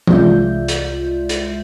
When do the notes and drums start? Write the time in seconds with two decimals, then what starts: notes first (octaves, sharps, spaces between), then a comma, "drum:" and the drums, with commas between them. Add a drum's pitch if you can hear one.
0.07 C2 G#3 F4 D5 E5 G6, drum: tom E3
0.68 drum: hi-hat
1.29 drum: hi-hat